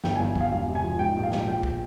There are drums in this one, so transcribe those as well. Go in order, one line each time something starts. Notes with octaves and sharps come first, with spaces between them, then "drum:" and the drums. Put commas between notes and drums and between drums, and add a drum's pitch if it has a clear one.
G1 G5, drum: snare
G#5
G1
G1, drum: kick
F5
E1 F5
C3
G#5
F3
G#2 G5
A#1
F5
A#1, drum: snare
F3 G5
drum: kick